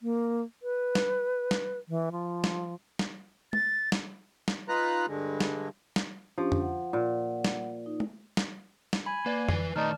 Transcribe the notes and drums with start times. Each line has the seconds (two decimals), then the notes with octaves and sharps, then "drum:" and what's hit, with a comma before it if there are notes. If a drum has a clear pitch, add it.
0.01 A#3
0.63 B4
0.95 drum: snare
1.51 drum: snare
1.88 E3
2.12 F3
2.44 drum: snare
2.99 drum: snare
3.53 A6, drum: tom
3.92 drum: snare
4.48 drum: snare
4.69 D#4 F4 B4 A#5 F#6
5.08 G2 D3 G#3
5.40 drum: snare
5.96 drum: snare
6.38 F3 C#4 D4 G4
6.52 drum: tom F2
6.61 F#5
6.93 A#2
7.45 drum: snare
7.86 D#4
8.00 drum: tom
8.37 drum: snare
8.93 drum: snare
9.06 G#5 B5
9.26 A#3 B4 D5
9.49 E3 B4 C7, drum: tom F2
9.76 D#3 A3 D#4 B4 D5 A5 F6